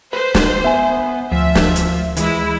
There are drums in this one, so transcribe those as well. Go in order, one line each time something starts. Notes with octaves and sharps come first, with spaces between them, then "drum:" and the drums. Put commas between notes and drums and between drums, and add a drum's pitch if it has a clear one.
B4 C5
drum: snare
B3 E5 G#5
D2 F3 E5
drum: snare
drum: hi-hat
E3 G#3 E4, drum: hi-hat